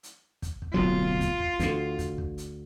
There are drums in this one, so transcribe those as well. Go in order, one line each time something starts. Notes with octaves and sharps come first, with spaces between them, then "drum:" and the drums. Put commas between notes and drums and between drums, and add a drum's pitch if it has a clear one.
drum: hi-hat
drum: kick, hi-hat
drum: kick
D1 B1 F#3 F4
drum: kick, hi-hat
drum: kick
D2 D3, drum: hi-hat
drum: kick, hi-hat
drum: kick
drum: hi-hat